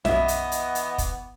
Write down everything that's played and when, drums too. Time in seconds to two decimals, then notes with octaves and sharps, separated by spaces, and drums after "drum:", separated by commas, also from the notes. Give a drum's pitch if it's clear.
0.05 B1 F#2 E3 B3 D#5 E5, drum: snare
0.28 drum: hi-hat
0.52 drum: hi-hat
0.75 drum: hi-hat
0.98 drum: kick, hi-hat